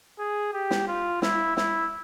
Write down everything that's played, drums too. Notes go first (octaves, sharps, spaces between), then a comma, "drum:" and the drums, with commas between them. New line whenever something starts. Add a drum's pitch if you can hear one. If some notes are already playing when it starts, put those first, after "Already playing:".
G#4
G4
drum: snare
F4
E4, drum: snare
E4, drum: snare